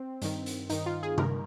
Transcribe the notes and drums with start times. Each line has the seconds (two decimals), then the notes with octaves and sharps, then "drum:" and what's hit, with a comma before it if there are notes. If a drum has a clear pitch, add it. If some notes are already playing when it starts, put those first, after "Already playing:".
Already playing: C4
0.22 G2 D#3, drum: hi-hat
0.46 drum: hi-hat
0.70 G2 D#3 D#4, drum: hi-hat
0.86 F4
1.03 G#4
1.18 G2 D#3 A#4, drum: tom C3